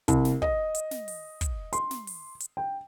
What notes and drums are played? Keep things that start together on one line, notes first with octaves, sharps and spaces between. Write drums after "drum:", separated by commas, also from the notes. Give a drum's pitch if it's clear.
C2, drum: kick, hi-hat
drum: snare
D#5, drum: kick
drum: hi-hat
drum: snare
drum: open hi-hat
drum: kick, hi-hat
C6, drum: hi-hat
drum: snare
drum: open hi-hat
drum: hi-hat
G5